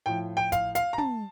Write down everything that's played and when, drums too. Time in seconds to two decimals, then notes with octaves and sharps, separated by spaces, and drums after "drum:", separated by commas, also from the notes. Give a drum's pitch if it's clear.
0.06 A2 F3 G5
0.37 G5
0.52 F5, drum: kick, hi-hat
0.75 F5, drum: hi-hat
0.93 A#5
0.98 A5, drum: tom